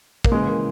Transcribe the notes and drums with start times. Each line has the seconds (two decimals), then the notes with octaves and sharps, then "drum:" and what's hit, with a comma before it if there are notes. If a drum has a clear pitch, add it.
0.24 A#3, drum: kick
0.31 D#2 C#3 E3 G#3
0.48 A#3